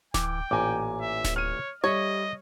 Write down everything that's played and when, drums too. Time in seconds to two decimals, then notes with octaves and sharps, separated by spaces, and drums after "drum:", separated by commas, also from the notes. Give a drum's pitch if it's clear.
0.14 E3 G5 D6, drum: snare D1
0.51 A1 A#2 G#5 A#5 D6
1.01 E5
1.24 drum: snare D1
1.36 C#5 F6 D#7
1.84 G3 A4 C#5 D#5 E5